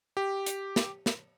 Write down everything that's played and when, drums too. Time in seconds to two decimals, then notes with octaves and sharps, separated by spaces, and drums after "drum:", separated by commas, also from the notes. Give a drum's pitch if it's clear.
0.17 G4
0.46 drum: hi-hat
0.76 drum: snare
1.06 drum: snare